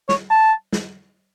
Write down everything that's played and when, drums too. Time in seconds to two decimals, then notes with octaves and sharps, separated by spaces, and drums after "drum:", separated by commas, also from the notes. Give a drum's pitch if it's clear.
0.09 C#5, drum: snare
0.30 A5
0.73 drum: snare